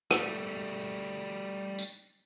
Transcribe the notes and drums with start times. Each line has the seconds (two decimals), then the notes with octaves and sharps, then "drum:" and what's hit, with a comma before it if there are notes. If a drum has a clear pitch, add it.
0.11 G3 A3, drum: rim click
1.79 drum: tambourine